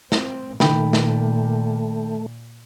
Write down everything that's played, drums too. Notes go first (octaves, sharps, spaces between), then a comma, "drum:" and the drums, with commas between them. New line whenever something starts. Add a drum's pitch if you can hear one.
C4, drum: snare
A#2 D#3 A3 G5 B5, drum: snare
drum: snare